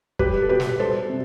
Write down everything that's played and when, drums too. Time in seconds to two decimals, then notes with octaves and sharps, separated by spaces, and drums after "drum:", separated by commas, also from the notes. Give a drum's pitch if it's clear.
0.19 G3 G4 B4, drum: kick
0.42 A4
0.49 B2 G4 B4
0.60 drum: snare
0.79 G3 A4 C5
1.10 C3